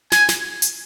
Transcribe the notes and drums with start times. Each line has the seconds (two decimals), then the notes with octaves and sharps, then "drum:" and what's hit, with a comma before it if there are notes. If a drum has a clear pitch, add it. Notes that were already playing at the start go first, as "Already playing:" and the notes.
0.12 G#5, drum: snare
0.29 drum: snare
0.62 drum: hi-hat